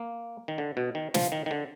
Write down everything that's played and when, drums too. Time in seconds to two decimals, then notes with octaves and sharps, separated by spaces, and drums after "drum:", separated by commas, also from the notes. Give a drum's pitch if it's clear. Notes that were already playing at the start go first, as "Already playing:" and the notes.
Already playing: A#3
0.48 D#3
0.58 D3
0.77 B2
0.95 D#3
1.14 F3, drum: snare
1.32 D#3
1.46 D#3
1.51 D3